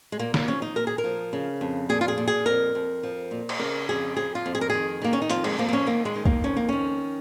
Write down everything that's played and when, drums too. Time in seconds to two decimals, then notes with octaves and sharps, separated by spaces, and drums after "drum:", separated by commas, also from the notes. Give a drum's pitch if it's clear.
0.12 G#3
0.19 A#2 A#3
0.34 A#3, drum: snare
0.47 F3 C#4
0.62 D#4
0.76 A#2 A#4
0.87 G#4
0.98 A#4
1.04 F3
1.33 C#3
1.61 F2
1.89 A#2 G#4
2.01 F4
2.08 G#4
2.18 A#2
2.28 G#4
2.46 F2 A#4
2.75 F2
3.03 F3
3.31 A#2
3.49 drum: cymbal
3.60 C#3 A#4
3.89 F2 G#4
4.17 F2 G#4
4.35 F4
4.46 F2
4.55 G#4
4.61 A#4
4.70 D#3 G#4
5.02 D#3 A#3
5.13 C#4
5.22 D#4
5.30 F2 F4, drum: hi-hat
5.44 G#3, drum: cymbal
5.58 F3 A#3
5.68 A#3
5.73 C#4
5.86 D#3 A#3
6.05 G#3
6.15 D#3
6.25 A#3, drum: kick
6.44 F2 C#4
6.56 A#3
6.69 D#3 C#4